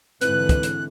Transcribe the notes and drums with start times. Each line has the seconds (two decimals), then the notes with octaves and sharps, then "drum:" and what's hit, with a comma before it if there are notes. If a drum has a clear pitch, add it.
0.21 G#2 D3 E3 C4 E4 B4 F#6, drum: hi-hat
0.49 drum: kick, hi-hat
0.63 drum: hi-hat